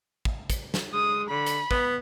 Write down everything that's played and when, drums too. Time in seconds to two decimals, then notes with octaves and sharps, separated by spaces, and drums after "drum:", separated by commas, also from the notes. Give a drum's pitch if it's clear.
0.25 drum: kick
0.50 drum: kick, hi-hat
0.74 drum: snare
0.93 G#3 D#6
1.30 D3 B5
1.46 drum: hi-hat
1.71 B3, drum: kick